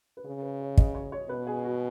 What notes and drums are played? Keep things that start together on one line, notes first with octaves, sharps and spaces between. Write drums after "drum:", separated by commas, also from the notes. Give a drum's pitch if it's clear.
B4
C#3 G#4
B4
C#5
D#5, drum: kick
C#5
C#5
B2 B4
G#4
F#4